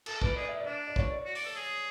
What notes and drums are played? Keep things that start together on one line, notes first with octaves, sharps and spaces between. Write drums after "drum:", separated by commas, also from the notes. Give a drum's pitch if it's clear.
A4 A5, drum: cymbal
B4 D5, drum: kick
G#4 D5
E5
D5
D4
D5
C#5, drum: kick
D5
F#4
D5, drum: open hi-hat
A4
G#4